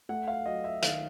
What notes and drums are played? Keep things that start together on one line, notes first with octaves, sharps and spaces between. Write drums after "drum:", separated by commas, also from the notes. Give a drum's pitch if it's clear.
A3 F#5
F5
F#3 D#5
E5
D#3 F5, drum: hi-hat